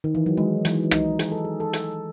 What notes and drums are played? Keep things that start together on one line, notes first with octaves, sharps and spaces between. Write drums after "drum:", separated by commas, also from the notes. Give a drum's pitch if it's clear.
D#3
E3
F#3
G#3
E3, drum: hi-hat
D#4, drum: rim click
G#4, drum: hi-hat
A4
G#4
A4
drum: hi-hat